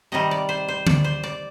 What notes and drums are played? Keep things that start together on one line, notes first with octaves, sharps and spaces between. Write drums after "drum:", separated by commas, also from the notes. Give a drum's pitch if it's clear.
C3 D#3 G3 D#5
D5
C5
C5
D5, drum: tom D3
C5
D5